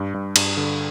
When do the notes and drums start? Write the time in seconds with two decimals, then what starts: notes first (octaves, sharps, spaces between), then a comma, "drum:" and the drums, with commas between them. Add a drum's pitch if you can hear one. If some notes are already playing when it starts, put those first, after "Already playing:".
Already playing: G2
0.14 G2
0.36 G2, drum: cymbal
0.57 D3